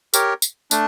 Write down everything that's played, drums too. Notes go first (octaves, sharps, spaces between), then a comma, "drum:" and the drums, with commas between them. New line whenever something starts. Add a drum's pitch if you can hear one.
G4 A#4 C#5, drum: tambourine
drum: tambourine
A3 D4, drum: tambourine